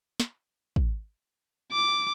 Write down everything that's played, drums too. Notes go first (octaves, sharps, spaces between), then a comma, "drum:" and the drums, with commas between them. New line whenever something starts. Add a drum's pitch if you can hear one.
drum: snare
drum: kick
D6